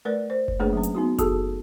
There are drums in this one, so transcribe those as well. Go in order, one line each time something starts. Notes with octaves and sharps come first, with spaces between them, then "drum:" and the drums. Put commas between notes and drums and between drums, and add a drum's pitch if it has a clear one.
A3 A#4 B4 D5
C5
drum: kick F#1
A3 A#3 D4 G#4 B4 C#5
F#3 C#4
drum: hi-hat
B3 D#4 F#4
F#4 G#4 A4 A5, drum: kick F#1, hi-hat